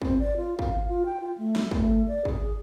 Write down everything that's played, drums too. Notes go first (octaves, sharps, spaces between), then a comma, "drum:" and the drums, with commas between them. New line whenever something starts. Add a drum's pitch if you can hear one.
C4, drum: kick
D5
F4
F5, drum: kick
F4
G5
F4
A3
drum: snare
A3, drum: kick
D5
G#4, drum: kick